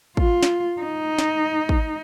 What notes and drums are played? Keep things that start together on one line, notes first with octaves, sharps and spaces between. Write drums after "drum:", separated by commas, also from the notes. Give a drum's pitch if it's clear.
F4, drum: kick
drum: snare
D#4
drum: snare
drum: kick